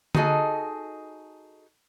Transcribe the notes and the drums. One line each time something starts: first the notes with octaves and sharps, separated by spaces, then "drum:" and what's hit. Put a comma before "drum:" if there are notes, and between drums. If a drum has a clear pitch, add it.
D#4 F#4 G#4 A4 D#5, drum: tom D3